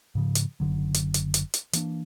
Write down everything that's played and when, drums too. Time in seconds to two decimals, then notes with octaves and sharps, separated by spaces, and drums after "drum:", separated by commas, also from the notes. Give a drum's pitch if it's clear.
0.15 G#2 C#3 F3
0.35 drum: hi-hat
0.60 F#1 D2 D3 F#3
0.94 drum: hi-hat
1.14 drum: hi-hat
1.34 drum: hi-hat
1.54 drum: hi-hat
1.73 E3 A#3 D4, drum: hi-hat